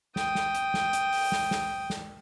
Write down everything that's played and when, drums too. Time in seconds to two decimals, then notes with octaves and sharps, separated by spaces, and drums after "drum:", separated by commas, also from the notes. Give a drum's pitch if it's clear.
0.16 G5 D#6, drum: snare
0.35 drum: snare
0.55 drum: hi-hat
0.74 drum: snare
0.93 drum: hi-hat
1.13 drum: open hi-hat
1.32 drum: snare
1.51 drum: snare
1.90 drum: snare